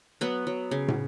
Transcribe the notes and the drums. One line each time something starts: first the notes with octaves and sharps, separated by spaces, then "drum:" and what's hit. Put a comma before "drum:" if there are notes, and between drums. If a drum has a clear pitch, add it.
F#3 B3
F#3
C#3
drum: tom